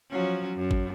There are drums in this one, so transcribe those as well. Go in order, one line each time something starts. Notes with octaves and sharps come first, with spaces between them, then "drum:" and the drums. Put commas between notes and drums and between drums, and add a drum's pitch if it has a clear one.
F3 F#3 C#4
F#2
drum: kick